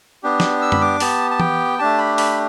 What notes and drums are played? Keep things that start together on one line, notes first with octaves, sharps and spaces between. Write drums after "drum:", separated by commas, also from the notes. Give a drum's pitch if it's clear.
B3 D4 G4
drum: snare
E6
B5, drum: tom
D6
B3 G4 A5, drum: open hi-hat
A5
G5, drum: tom E3
A3 D4 G4 A5
B5
B5, drum: open hi-hat